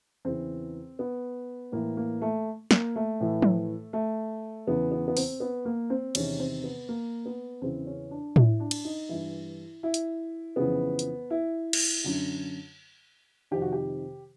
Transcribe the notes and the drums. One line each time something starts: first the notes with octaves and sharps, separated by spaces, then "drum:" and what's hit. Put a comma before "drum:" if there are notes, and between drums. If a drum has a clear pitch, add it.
E2 C#3 E3 C4
B3
A2 E3 A#3
A#3
A3
A#3, drum: snare
A3
A2 E3
drum: tom F3
A3
E2 C#3 E3 B3
B3
B3
C4, drum: open hi-hat
B3
A#3
C4
E2 C3 D#3 C#4, drum: cymbal
C4
B3
A#3
B3
E2 C#3 E3 C4
C#4
D4
E4, drum: tom A2
D4
drum: cymbal
D#4
G2 E3 E4
E4
drum: hi-hat
F2 C#3 E3 B3
drum: hi-hat
E4
drum: cymbal
F#2 D3
F2 C3 D#3 G4
F#4
G4